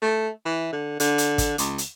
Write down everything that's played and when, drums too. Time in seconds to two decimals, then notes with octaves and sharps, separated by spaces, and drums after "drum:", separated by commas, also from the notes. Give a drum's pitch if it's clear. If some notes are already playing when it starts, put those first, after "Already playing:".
0.02 A3
0.45 E3
0.72 D3
1.00 D3, drum: hi-hat
1.18 drum: hi-hat
1.38 drum: kick, hi-hat
1.58 C#2, drum: hi-hat
1.78 drum: hi-hat